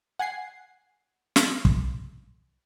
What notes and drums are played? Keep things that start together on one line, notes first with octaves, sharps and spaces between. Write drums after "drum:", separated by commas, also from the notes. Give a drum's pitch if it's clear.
F#5 G#5 G#6 C7
drum: snare
drum: kick